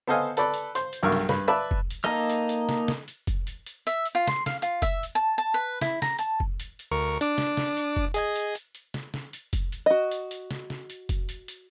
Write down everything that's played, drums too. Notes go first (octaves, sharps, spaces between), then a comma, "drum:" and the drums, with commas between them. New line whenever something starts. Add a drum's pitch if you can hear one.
B3 A4 C5 D#5 F5 G#5
A4 B4 D5 B5, drum: hi-hat
drum: hi-hat
C5 C6, drum: hi-hat
drum: hi-hat
B1 G2 A#4 E5 C#6 F6
drum: snare
G2 B4, drum: snare
B4 D5 E5 A5 B5
drum: kick F1
drum: hi-hat
A#3 D#4 A4 D#5 F6
drum: hi-hat
drum: hi-hat
drum: snare
drum: snare
drum: hi-hat
drum: kick F1, hi-hat
drum: hi-hat
drum: hi-hat
E5, drum: hi-hat
drum: hi-hat
F4
C6, drum: snare
F5, drum: snare
F4, drum: hi-hat
E5, drum: kick F1, hi-hat
drum: hi-hat
A5
A5
B4
E4, drum: snare
A#5, drum: snare
A5, drum: hi-hat
drum: kick F1
drum: hi-hat
drum: hi-hat
D2 A#4 C#6
D4 D6, drum: hi-hat
drum: snare
drum: snare
drum: hi-hat
drum: kick F1
G#4 D#5 G#5, drum: hi-hat
drum: hi-hat
drum: hi-hat
drum: hi-hat
drum: snare
drum: snare
drum: hi-hat
drum: kick F1, hi-hat
drum: hi-hat
F#4 D#5
drum: hi-hat
drum: hi-hat
drum: snare
drum: snare
drum: hi-hat
drum: kick F1, hi-hat
drum: hi-hat
drum: hi-hat